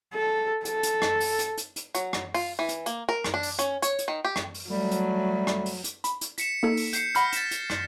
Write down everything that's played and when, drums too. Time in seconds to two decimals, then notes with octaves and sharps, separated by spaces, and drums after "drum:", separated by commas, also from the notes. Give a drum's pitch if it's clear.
0.14 A4
0.65 A4, drum: hi-hat
0.83 drum: hi-hat
1.02 drum: rim click
1.20 drum: open hi-hat
1.39 drum: hi-hat
1.57 drum: hi-hat
1.76 drum: hi-hat
1.95 F#3, drum: hi-hat
2.13 drum: rim click
2.34 F4, drum: open hi-hat
2.59 E3
2.69 drum: hi-hat
2.86 A#3, drum: hi-hat
3.09 A#4
3.24 drum: rim click
3.34 D4
3.43 drum: open hi-hat
3.59 C#4, drum: hi-hat
3.82 C#5, drum: hi-hat
3.99 drum: hi-hat
4.08 D#3
4.25 G4
4.36 drum: rim click
4.54 drum: open hi-hat
4.70 F#3 G3 A3
4.91 drum: hi-hat
5.47 drum: rim click
5.66 drum: open hi-hat
5.84 drum: hi-hat
6.04 B5, drum: hi-hat
6.21 drum: hi-hat
6.38 B6 C#7 E7, drum: hi-hat
6.63 A#3 D#4 A4
6.77 drum: open hi-hat
6.93 G6 C7 C#7, drum: hi-hat
7.15 F#5 B5 F6 G6 A#6 B6, drum: hi-hat
7.33 A6 B6 E7, drum: hi-hat
7.51 drum: hi-hat
7.70 drum: rim click